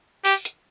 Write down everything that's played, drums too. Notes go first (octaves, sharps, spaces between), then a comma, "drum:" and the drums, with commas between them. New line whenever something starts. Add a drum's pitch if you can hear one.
G4, drum: open hi-hat
drum: hi-hat